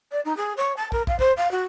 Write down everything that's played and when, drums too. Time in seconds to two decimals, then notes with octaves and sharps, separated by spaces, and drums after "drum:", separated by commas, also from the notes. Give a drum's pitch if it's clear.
0.11 D5
0.25 D#4
0.37 G#4
0.57 C#5
0.76 A5
0.92 A#4, drum: kick
1.07 F5, drum: kick
1.19 C5, drum: kick
1.37 F5
1.51 F#4